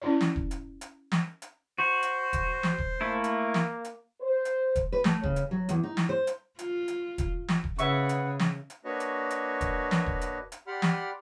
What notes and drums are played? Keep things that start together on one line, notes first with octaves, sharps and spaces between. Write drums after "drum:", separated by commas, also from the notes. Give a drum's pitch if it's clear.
C#4 E4 D5
drum: snare
drum: kick E1
drum: hi-hat
drum: hi-hat
drum: snare
drum: hi-hat
F#4 C5
drum: hi-hat
drum: kick E1, hi-hat
drum: snare
drum: kick E1
A3 A#3 E4
drum: hi-hat
drum: snare
drum: hi-hat
C5
drum: hi-hat
drum: kick E1, hi-hat
B4
A3, drum: snare
C#3, drum: kick E1
drum: hi-hat
F#3
E2, drum: hi-hat
D#4
drum: snare
C5
drum: hi-hat
F4, drum: hi-hat
drum: hi-hat
drum: kick E1, hi-hat
drum: snare
drum: kick E1
C#3 B4 E5 F#5 C#6, drum: hi-hat
drum: hi-hat
drum: snare
drum: hi-hat
A#3 D4 F#4 B4 C#5 D#5
drum: hi-hat
drum: hi-hat
drum: kick E1, hi-hat
drum: snare
drum: kick E1
drum: hi-hat
drum: hi-hat
G4 D5 F#5 B5 C6 F6
drum: snare